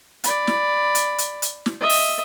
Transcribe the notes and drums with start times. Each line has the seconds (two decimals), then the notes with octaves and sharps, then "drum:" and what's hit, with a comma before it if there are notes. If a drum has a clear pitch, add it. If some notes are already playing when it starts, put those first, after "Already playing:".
0.24 D5 B5, drum: hi-hat
0.47 drum: snare
0.95 drum: hi-hat
1.18 drum: hi-hat
1.42 drum: hi-hat
1.66 drum: snare
1.80 D#5 E5
1.89 drum: open hi-hat